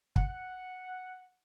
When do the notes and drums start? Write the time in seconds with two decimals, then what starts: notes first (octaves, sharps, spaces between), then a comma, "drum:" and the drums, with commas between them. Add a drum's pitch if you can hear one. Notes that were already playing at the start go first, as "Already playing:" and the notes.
0.16 F#5, drum: kick